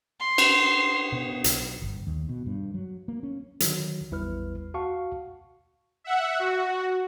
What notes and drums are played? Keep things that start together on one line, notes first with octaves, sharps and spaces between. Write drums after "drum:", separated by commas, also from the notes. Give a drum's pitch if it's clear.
C6
drum: cymbal
B2
B1, drum: hi-hat
G1
D#2
B2
G2
F#3
A#3
C#4
D3 D#3 F#3, drum: hi-hat
A1 E2 G3 E4 B4 F6
F#4 F5 F#5 A5 C#6
E5 F#5
F#4